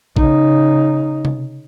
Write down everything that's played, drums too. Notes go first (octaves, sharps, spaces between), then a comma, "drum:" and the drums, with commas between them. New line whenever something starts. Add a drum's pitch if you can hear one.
C#3 D#4, drum: kick
drum: tom C3